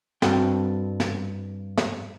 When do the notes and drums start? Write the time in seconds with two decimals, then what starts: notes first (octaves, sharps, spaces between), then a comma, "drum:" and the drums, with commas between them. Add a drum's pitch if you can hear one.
0.22 G2 C4 F#4 A4 G5, drum: snare
1.00 drum: snare
1.77 drum: snare